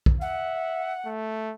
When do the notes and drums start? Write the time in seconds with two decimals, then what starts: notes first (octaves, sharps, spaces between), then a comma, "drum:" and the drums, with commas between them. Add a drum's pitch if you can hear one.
0.06 drum: kick
0.21 E5 F#5
1.05 A3